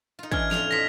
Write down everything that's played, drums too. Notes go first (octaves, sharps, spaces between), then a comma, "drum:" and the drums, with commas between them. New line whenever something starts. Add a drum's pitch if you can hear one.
D#4 F4
E3 C#4 D4 F6 G#6, drum: kick
F2 A2 F4 F7, drum: snare
F3 D#4 A#6 B6